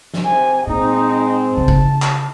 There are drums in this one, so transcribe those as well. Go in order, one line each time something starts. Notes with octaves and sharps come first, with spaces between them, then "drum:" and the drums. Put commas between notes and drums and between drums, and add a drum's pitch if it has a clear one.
drum: snare
C3 G#5
A#2 G#3 C4 D#4
C#3 D#4 A5
drum: kick
drum: clap